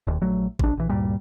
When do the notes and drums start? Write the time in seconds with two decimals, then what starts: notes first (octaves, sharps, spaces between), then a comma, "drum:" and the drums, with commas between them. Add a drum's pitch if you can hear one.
0.07 E1 D#2
0.22 A#1 F#3 A3
0.59 B1 D4, drum: kick G#1
0.77 A#1 E3
0.89 D2 G2 A#2 G3